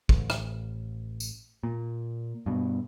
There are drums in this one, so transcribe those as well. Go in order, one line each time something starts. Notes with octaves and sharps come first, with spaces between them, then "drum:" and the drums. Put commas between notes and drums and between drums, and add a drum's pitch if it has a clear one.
A1, drum: kick
drum: rim click
drum: tambourine
A#2
G2 B2